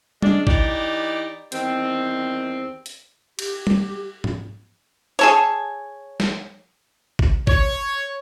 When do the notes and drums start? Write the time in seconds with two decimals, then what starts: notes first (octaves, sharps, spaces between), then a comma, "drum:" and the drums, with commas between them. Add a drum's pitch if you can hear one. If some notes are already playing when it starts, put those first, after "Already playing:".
0.22 C#3 G#3 D4, drum: tom G3
0.47 E3 D#4 G4 D5, drum: kick G#1
1.52 E2 D#3 G3 C4, drum: hi-hat
2.86 drum: hi-hat
3.39 G4, drum: cymbal
3.67 drum: tom G3
4.24 drum: tom G#2
5.19 G#4 A4 C#5
6.20 drum: snare
7.19 drum: kick G#1
7.47 C#5, drum: kick G#1